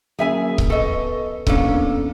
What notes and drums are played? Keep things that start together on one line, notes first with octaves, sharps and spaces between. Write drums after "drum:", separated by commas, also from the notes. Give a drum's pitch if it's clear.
F#3 A#3 C#4 G#4 E5 G#5
drum: kick C#1
B3 A4 D#5 C#6
E2 A#3 C#4 D4 A4, drum: kick C#1